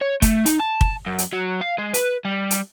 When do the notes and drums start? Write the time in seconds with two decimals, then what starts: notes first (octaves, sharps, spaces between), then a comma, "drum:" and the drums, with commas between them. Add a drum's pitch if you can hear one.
0.02 C#5
0.22 A3, drum: kick, hi-hat
0.46 D#4, drum: hi-hat
0.60 A5
0.81 drum: kick
1.06 F#2
1.18 drum: hi-hat
1.33 F#3
1.61 F5
1.78 G#3
1.94 B4, drum: hi-hat
2.25 G3
2.51 drum: hi-hat